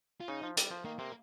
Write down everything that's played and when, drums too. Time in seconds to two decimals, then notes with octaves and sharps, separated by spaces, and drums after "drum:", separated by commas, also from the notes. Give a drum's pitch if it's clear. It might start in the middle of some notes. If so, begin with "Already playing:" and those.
0.21 F4
0.28 C#3 D#4
0.43 F3
0.57 G3, drum: hi-hat
0.71 F3
0.85 D#3 A#3
0.99 C3 A#3